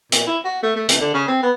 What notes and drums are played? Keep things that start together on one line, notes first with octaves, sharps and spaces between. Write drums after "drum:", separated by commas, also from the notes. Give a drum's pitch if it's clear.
A#2, drum: hi-hat
E4
F#4
A3
A3
C#2, drum: hi-hat
D3
C#3
C4
B3